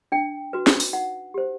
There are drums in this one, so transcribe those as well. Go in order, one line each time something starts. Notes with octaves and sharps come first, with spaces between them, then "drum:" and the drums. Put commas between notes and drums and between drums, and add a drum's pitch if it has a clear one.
D4 G5
F#4 B4
drum: snare
drum: open hi-hat
D#4 F#5
G4 C5